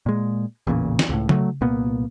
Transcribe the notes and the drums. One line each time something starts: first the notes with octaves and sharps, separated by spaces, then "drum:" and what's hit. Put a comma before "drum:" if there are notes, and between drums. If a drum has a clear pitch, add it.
A#2 G#3
A1 E2 A#2 C#3
drum: snare
C#2 A2
F#3 A3, drum: tom C#3
C2 A#2 A#3 B3